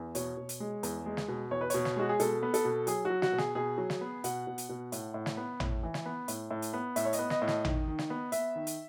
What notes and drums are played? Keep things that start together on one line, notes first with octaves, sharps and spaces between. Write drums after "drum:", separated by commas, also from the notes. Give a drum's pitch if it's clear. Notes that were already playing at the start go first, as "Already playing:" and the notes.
Already playing: E2
B2 C#5, drum: hi-hat
B2
drum: hi-hat
G#3
E2, drum: hi-hat
G#3
drum: snare
B2
E2 C#5
B4
B2 C#5, drum: hi-hat
drum: snare
G#3 F#4
G#4
B2 A4, drum: hi-hat
B3
A4, drum: hi-hat
B2
F#3 G#4, drum: hi-hat
F#4
F#3
F#4, drum: snare
B2
G#4, drum: snare
B2 G#4
F#3
drum: snare
B3
B2 F#5, drum: hi-hat
B2
drum: hi-hat
B2
A2, drum: hi-hat
A2
drum: snare
B3
A2, drum: tom A1
E3
drum: snare
B3
A2, drum: hi-hat
A2
drum: hi-hat
B3
A2 E5, drum: hi-hat
C#5
D#5, drum: hi-hat
B3
D#5, drum: snare
A2
D#5, drum: snare
D#3, drum: tom A1
D#3
drum: snare
B3
B3 E5, drum: hi-hat
D#3
drum: hi-hat